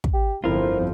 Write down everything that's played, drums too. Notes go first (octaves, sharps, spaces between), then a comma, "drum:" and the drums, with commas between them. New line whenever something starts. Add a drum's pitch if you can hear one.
drum: kick
G4
G1 F2 F3 C4 E4 F4 A#4 C5